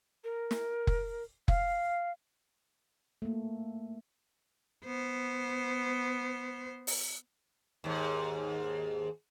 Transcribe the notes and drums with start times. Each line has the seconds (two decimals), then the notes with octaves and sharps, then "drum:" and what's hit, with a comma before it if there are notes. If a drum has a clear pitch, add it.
0.24 A#4
0.51 drum: snare
0.87 drum: kick F1
1.48 F5, drum: kick F1
3.22 A3 A#3
4.85 B3 C5
6.87 drum: open hi-hat
7.84 D#2 G#2